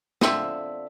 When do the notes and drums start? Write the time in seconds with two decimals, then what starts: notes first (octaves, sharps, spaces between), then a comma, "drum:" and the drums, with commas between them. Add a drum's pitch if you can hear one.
0.21 D3 C4 F4 E5, drum: snare